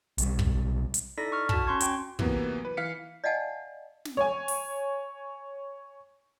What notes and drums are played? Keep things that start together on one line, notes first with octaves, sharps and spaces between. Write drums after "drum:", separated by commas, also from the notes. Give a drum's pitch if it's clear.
B1 G3, drum: hi-hat
drum: kick
drum: hi-hat
D#4 E4 A4 D5 A#6 B6
C#6 F6
F#4 A5, drum: kick
C#4 C6 C#6 G#6
C#4 G5, drum: hi-hat
C3 E3 F#3 A#3 B3, drum: kick
B4
E3 F5 B6 C#7
D5 D#5 F5 F#5 G#5 A5
drum: snare
C#5 G#5
drum: open hi-hat